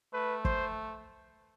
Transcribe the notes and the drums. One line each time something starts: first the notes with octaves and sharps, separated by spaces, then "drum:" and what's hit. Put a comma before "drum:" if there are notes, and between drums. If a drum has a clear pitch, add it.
A3 B4
C5, drum: kick